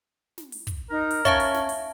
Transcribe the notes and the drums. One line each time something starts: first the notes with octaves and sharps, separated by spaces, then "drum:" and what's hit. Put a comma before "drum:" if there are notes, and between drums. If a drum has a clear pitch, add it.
drum: snare
drum: open hi-hat
drum: kick, hi-hat
D#4 A#4
drum: open hi-hat
C#4 C#5 E5 F5 A5, drum: kick, hi-hat
drum: open hi-hat
drum: snare
drum: open hi-hat